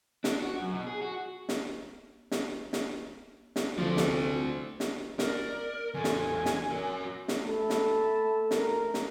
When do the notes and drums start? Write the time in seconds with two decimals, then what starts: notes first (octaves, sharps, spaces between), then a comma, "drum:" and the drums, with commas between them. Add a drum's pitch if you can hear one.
0.24 D4, drum: snare
0.40 F#4
0.60 F#2
0.73 B2
0.87 G#4
1.02 F#4
1.49 drum: snare
2.31 drum: snare
2.73 drum: snare
3.56 drum: snare
3.78 D2 F3 C4 D5
3.97 drum: snare
4.80 drum: snare
5.19 A#4 D5, drum: snare
5.94 E2 A4 G#5
6.04 drum: snare
6.46 drum: snare
6.70 F#4 A#4
7.28 drum: snare
7.43 A3 E5 A5 B5
7.70 drum: snare
8.51 A#4, drum: snare
8.94 drum: snare